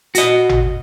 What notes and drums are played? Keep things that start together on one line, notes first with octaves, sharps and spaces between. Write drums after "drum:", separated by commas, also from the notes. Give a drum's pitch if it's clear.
F#4 D#5, drum: hi-hat
drum: tom G#1